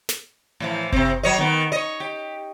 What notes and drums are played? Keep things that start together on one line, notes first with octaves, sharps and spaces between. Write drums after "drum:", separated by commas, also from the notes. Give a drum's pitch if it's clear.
drum: snare
A2 E3 F3
C3 C4, drum: kick F#1
F#3 C#5 D#5
D#3 B3
C#5 D#5
G4